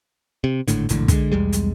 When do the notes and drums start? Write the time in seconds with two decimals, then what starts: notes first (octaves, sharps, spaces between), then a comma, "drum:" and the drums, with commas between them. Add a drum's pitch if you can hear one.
0.44 C3
0.68 G#1 A2 D3, drum: hi-hat
0.89 E1 A#1 A2 D3, drum: hi-hat
1.08 D3 G#3, drum: kick, hi-hat
1.32 B1 E2 G3 G#3
1.53 drum: hi-hat